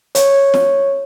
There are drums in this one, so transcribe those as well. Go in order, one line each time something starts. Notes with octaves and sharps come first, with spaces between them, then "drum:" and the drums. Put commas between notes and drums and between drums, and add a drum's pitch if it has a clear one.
C#5, drum: hi-hat
drum: snare